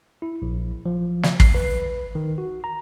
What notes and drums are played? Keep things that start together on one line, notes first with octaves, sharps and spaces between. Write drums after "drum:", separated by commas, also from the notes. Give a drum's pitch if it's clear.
E4
A#1
F3
drum: snare
C7, drum: kick
B4
D#3
F#4
A#5